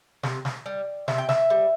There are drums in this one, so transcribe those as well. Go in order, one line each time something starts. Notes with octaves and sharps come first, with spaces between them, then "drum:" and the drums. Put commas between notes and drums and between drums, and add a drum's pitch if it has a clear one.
C3, drum: snare
drum: snare
G3
C3 E5, drum: snare
G5
E5, drum: snare
G3